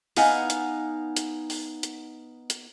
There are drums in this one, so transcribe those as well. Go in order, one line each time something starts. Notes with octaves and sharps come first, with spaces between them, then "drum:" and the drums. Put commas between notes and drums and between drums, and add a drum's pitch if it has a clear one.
B3 D#4 F5 F#5 G#5, drum: open hi-hat
drum: hi-hat
drum: hi-hat
drum: open hi-hat
drum: hi-hat
drum: hi-hat